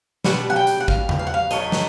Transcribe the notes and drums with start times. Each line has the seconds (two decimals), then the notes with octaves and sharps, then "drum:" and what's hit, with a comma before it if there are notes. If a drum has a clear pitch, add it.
0.24 B2 G3 F#5, drum: snare
0.50 F#5
0.56 G5
0.67 drum: hi-hat
0.80 F#5
0.88 F5, drum: kick G#1
1.09 drum: tom E2
1.19 F5
1.27 F#5
1.34 F5
1.51 A2 F#3 A3 D#5, drum: hi-hat
1.72 drum: snare